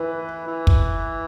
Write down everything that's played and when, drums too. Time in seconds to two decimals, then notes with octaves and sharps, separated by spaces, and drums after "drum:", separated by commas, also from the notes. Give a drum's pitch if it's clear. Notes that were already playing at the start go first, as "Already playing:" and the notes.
Already playing: E3 B4
0.47 E3
0.67 drum: kick